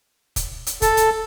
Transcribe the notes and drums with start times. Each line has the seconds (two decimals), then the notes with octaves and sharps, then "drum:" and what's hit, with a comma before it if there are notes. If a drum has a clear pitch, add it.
0.36 drum: kick, hi-hat
0.67 drum: hi-hat
0.82 A4, drum: kick, hi-hat
0.97 drum: hi-hat